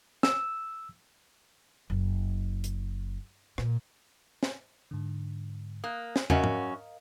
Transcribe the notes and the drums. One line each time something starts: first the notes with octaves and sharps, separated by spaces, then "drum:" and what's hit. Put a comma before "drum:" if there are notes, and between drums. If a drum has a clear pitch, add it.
E6, drum: snare
F#1
drum: hi-hat
A#2, drum: rim click
drum: snare
G#2 D3
A#3 D#6 F#6
drum: snare
F#2 C#4 F#4 A#4 D#5 F5, drum: tom
drum: tom G#2